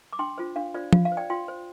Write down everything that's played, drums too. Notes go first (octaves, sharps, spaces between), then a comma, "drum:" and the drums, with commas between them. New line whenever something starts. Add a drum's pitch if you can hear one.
D6
D4 G5 C6
F4 C5
D4 F5
F4 C5 D5
F4 F5, drum: tom F3
F5
C5
D5 G5
F4 G5 C6
C5